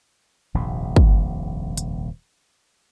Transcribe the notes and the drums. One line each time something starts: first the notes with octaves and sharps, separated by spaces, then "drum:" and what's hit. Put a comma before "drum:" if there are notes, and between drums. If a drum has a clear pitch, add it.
D#1 A#1 F2 C3
drum: kick
drum: hi-hat